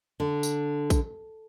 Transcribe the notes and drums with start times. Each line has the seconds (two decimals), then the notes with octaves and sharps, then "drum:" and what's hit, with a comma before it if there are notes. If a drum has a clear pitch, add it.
0.20 D3
0.43 drum: tambourine
0.90 drum: kick, tambourine